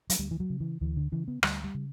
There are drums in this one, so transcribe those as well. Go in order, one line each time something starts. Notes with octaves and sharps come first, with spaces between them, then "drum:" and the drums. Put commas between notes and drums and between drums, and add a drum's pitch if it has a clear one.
F#3, drum: hi-hat
D2 G3
E3
F#3
C#3
E3
D2 E3
D3
C#3 E3
B3
D2 G3, drum: rim click
G3
C#3